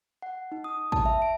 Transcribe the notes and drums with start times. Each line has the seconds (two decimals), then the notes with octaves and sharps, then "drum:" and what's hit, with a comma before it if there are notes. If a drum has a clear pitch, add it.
0.22 F#5
0.52 D#4
0.64 D#6
0.92 A5, drum: kick
1.06 E5
1.22 D7